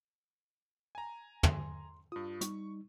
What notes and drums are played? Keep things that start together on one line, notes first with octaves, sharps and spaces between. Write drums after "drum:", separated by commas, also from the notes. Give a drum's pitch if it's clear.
G#5 A#5
C6, drum: tom
G2 F4 D#6
G3 D#4 C#6, drum: hi-hat